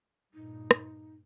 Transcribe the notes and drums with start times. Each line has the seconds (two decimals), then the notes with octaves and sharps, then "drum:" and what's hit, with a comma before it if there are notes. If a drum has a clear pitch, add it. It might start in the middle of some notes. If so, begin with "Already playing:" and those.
0.34 G2 A#2 D#4
0.71 drum: rim click